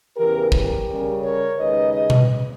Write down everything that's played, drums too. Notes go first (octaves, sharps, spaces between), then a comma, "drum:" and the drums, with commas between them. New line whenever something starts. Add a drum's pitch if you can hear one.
E2 C#3 E3 G4 A#4
G4 A#4, drum: kick
C#3 G3 C#4
A#4 C#5
D#2 C#3 G#3 D#4 B4 D#5
B4 D#5
drum: tom B2